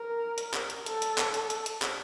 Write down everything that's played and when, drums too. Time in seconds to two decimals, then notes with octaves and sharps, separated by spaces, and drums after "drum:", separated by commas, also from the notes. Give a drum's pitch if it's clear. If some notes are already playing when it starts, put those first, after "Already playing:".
Already playing: A#4
0.38 drum: hi-hat
0.54 drum: clap
0.70 drum: hi-hat
0.86 A4, drum: hi-hat
1.02 drum: hi-hat
1.18 drum: clap
1.34 drum: hi-hat
1.50 drum: hi-hat
1.66 drum: hi-hat
1.82 drum: clap